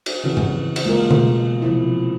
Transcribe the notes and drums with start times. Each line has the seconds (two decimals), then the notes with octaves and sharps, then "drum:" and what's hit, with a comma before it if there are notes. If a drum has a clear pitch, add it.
0.06 drum: cymbal
0.24 C#3 E3 C4 F#4 B4
0.37 drum: tom G#2
0.76 drum: cymbal
0.85 G#3 A#3 F4 A#4
1.11 B2, drum: tom C#3
1.62 C3 F3 E4